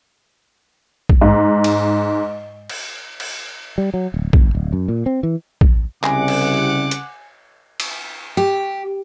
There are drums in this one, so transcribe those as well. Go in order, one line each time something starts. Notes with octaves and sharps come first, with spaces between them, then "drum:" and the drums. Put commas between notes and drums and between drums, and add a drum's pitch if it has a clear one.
drum: kick
G#2
drum: cymbal
drum: cymbal
drum: cymbal
G3
F#3
D1
G1, drum: kick
D1
F#2
A#2
C4
E3
drum: kick
C2 C#3 G#4 F#5 A#5 D6, drum: clap
drum: cymbal
drum: hi-hat
drum: cymbal
G4